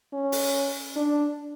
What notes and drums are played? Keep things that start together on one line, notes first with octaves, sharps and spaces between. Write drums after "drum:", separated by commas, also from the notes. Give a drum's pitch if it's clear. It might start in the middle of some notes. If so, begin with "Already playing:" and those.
C#4
drum: open hi-hat
D4